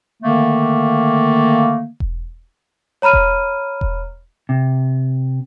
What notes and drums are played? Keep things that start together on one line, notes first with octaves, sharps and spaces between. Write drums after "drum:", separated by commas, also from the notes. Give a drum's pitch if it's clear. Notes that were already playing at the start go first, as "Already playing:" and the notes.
D3 D#3 A3 A#3
drum: kick E1
C#5 A#5 B5 F6 D#7
drum: kick E1
drum: kick E1
C3